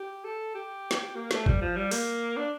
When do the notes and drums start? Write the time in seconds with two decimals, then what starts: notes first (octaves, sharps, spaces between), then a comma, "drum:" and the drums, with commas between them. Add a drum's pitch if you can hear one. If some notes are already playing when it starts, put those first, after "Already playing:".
Already playing: G4
0.24 A4
0.55 G4
0.91 drum: snare
1.16 A#3
1.31 A3, drum: snare
1.46 G3, drum: kick
1.61 F3
1.76 G3
1.91 A#3, drum: open hi-hat
2.37 D4